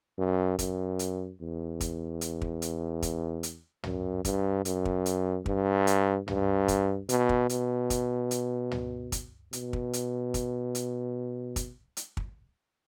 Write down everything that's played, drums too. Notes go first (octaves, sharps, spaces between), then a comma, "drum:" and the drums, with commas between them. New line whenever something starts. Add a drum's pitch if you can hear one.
F#2
F#2, drum: kick, hi-hat
drum: hi-hat
E2
drum: kick, hi-hat
drum: hi-hat
drum: kick
drum: hi-hat
drum: kick, hi-hat
drum: hi-hat
F#2, drum: tom
G2, drum: kick, hi-hat
F#2, drum: hi-hat
drum: kick
drum: hi-hat
G2, drum: kick
drum: hi-hat
G2, drum: tom
drum: kick, hi-hat
B2, drum: hi-hat
drum: kick
B2, drum: hi-hat
drum: kick, hi-hat
drum: hi-hat
drum: tom
drum: kick, hi-hat
B2, drum: hi-hat
drum: kick
drum: hi-hat
drum: kick, hi-hat
drum: hi-hat
drum: kick, hi-hat
drum: hi-hat
drum: kick